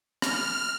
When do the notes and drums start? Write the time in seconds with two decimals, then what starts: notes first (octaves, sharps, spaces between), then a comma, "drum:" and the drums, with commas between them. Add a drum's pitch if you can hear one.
0.22 F6, drum: rim click